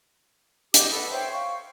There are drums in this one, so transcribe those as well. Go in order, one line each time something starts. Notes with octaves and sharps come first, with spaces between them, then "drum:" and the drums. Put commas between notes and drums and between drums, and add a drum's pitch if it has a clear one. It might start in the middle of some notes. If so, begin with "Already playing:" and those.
G4 D#5 D6 D#6, drum: hi-hat
A4 B4 F#5
C5 C#5 E5 G5
F5 C#6